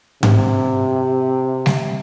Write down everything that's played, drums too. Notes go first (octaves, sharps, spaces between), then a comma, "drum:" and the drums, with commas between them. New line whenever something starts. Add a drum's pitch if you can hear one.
C3, drum: tom G#2
drum: snare G3